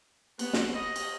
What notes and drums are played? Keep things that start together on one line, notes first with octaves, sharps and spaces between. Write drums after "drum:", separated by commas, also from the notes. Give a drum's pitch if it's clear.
B3, drum: cymbal
drum: snare
D#5
drum: cymbal